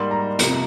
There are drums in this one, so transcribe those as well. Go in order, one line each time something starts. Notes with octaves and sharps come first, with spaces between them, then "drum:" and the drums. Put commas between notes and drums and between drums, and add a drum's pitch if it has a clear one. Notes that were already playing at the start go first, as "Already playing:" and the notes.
Already playing: G#2 G3 A#3 C6
A#5
F2 C3 F3 A#3, drum: hi-hat